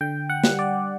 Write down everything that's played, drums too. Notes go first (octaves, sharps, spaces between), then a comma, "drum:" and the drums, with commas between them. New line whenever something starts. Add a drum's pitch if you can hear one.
D3 G5
F#5
G3, drum: snare
D5